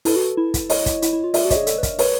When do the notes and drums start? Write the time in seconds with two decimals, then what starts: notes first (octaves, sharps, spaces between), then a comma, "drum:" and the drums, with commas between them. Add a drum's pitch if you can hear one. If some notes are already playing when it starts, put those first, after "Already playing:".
0.05 E4 A4 B4, drum: open hi-hat
0.16 F#4
0.37 E4
0.54 drum: kick, hi-hat
0.70 C#5 D#5, drum: open hi-hat
0.86 drum: kick, hi-hat
1.02 E4, drum: hi-hat
1.13 E4
1.24 F4
1.34 F4 D5 E5, drum: open hi-hat
1.45 F#4
1.50 C#5 D#5, drum: kick, hi-hat
1.56 G#4
1.67 A4, drum: hi-hat
1.78 B4
1.83 A#4, drum: kick, hi-hat
1.99 B4 C#5, drum: open hi-hat